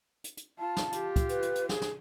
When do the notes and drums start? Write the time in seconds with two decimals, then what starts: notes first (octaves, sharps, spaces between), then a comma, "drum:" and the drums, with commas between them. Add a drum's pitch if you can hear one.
0.24 drum: hi-hat
0.37 drum: hi-hat
0.59 F4 A5
0.77 drum: snare
0.92 F4 G4, drum: hi-hat
1.16 drum: kick, hi-hat
1.29 B4, drum: hi-hat
1.42 drum: hi-hat
1.55 drum: hi-hat
1.69 G#4, drum: snare
1.82 drum: snare